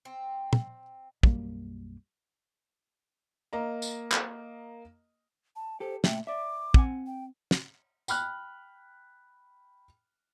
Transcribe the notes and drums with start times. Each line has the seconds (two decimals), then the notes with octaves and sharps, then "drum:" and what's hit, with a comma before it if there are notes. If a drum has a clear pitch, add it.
0.05 C4
0.53 drum: tom
1.23 B1 F#2 G3 A#3, drum: kick
3.53 A#3 D#5 A#5
3.82 drum: tambourine
4.12 drum: clap
5.56 A5
5.80 G4 A4 C5
6.04 A#2 A3 E5 G5, drum: snare
6.27 D5 E5 D6
6.74 C4 F#5 G#5, drum: kick
7.06 G5
7.51 drum: snare
8.08 G5 B5 F6 F#6, drum: tambourine